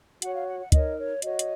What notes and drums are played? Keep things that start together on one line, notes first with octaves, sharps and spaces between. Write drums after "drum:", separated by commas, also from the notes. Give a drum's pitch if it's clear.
F#4 C#5 F#5, drum: hi-hat
F5
F#5
F#5
D#4 A#4 C#5 D#5, drum: kick, hi-hat
C#5
F#4 C#5 D#5, drum: hi-hat
drum: hi-hat